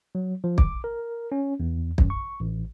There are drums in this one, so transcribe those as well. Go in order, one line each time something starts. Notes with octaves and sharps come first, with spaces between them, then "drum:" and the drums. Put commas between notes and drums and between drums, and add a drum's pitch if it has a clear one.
F#3
F3
D6, drum: kick
A#4
C#4
E2
F#2, drum: kick
C#6
A1